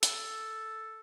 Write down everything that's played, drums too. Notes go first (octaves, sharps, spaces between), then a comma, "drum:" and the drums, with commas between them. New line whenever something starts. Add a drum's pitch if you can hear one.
A4, drum: hi-hat